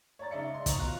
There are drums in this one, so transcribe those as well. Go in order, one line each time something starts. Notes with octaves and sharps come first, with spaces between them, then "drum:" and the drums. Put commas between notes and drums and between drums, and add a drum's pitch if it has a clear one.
C#5 D5 A#5 A6
C#3 G#3 D#4 D5 E5 C#7
C6
C5 D#5 A#5 C#6, drum: kick, hi-hat
B2 F4 F#6 F7